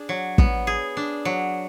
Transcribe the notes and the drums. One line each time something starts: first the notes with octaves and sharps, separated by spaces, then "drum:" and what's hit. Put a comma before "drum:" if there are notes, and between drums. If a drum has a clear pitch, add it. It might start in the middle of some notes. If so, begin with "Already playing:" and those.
Already playing: D4 G#4
F#3
B3, drum: kick
G#4
D4
F#3